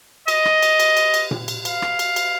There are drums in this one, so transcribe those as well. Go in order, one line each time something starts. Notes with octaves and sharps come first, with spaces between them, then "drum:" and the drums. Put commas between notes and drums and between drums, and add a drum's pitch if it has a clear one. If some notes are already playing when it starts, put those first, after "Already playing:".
D#5, drum: cymbal
drum: rim click
drum: cymbal
drum: cymbal
drum: cymbal
drum: cymbal
drum: tom A#2
drum: cymbal
F5, drum: cymbal
drum: rim click
drum: cymbal
drum: cymbal